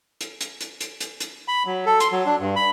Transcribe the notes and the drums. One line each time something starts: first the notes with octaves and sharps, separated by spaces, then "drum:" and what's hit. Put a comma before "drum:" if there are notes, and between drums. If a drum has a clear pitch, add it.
drum: hi-hat
drum: hi-hat
drum: hi-hat
drum: hi-hat
drum: hi-hat
drum: hi-hat
B5
F#3
A4
C6, drum: hi-hat
F#3
D4
G2
B5